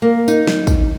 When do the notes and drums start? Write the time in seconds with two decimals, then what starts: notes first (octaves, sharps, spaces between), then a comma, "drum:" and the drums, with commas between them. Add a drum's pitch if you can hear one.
0.02 A#3
0.28 D#4, drum: tambourine
0.47 drum: snare
0.67 drum: kick, tambourine